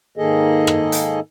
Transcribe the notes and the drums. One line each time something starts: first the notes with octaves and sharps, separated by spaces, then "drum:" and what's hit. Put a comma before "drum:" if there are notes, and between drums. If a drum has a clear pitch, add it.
G#2 D#3 A#3 G#4 A4 D#5
drum: rim click
drum: hi-hat